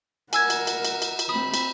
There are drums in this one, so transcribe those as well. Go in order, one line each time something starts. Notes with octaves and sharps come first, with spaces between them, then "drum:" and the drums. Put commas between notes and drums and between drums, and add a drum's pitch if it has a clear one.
A#4 F#5 G#5 E6 G#6, drum: cymbal
drum: cymbal
drum: cymbal
drum: cymbal
drum: cymbal
drum: cymbal
C4 B5 D#6
drum: cymbal